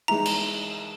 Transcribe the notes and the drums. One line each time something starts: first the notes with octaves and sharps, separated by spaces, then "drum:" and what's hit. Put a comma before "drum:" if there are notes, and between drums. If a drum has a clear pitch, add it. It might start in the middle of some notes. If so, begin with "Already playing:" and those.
E3 G#3 D#4 A#5
drum: cymbal